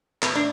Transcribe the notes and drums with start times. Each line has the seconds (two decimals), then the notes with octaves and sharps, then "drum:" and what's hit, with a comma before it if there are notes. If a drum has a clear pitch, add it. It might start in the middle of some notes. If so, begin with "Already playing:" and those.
0.23 A2 B3, drum: clap
0.35 D4